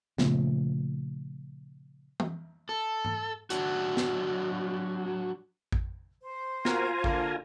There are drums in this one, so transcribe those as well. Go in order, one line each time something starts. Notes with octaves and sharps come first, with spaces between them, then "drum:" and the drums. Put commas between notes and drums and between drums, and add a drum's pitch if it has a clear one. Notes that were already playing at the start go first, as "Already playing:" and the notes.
A#2 C#3 F3 A3, drum: snare
drum: tom
A4
drum: tom G#2
F#3 D4 F#4, drum: hi-hat
drum: snare
drum: kick A1
C5
A#3 F4 F#4 A#4 G#5 A#5, drum: snare
D3 A#3, drum: kick A1